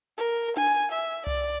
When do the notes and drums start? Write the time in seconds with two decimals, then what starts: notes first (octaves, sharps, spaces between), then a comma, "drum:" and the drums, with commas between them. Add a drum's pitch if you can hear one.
0.18 A#4
0.57 G#5, drum: tom D4
0.92 E5
1.27 D5, drum: tom C2